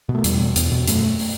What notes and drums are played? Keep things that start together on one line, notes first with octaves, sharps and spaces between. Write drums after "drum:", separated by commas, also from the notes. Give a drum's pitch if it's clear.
B2
A3
E2 G3, drum: hi-hat
B2
E2, drum: hi-hat
B2
F#2 A3, drum: hi-hat
drum: open hi-hat